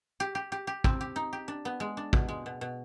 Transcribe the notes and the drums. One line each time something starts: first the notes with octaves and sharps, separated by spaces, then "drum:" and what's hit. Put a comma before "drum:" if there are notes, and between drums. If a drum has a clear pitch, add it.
G4
G4
G4
G4
C4, drum: kick
G4
D#4
G4
D4
B3
G#3
D4
B2, drum: kick
G#3
B2
B2